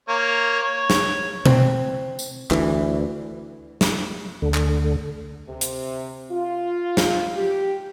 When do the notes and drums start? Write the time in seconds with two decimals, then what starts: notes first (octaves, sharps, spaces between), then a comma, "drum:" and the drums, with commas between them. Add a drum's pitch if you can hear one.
0.08 A#3 C#5
0.63 C#5
0.90 drum: snare
1.46 C4, drum: tom B2
2.19 drum: tambourine
2.51 D2 E3, drum: clap
3.81 drum: snare
4.42 D2 D3
4.54 drum: clap
5.48 C3
5.61 drum: hi-hat
6.32 F4
6.97 drum: snare
7.36 G4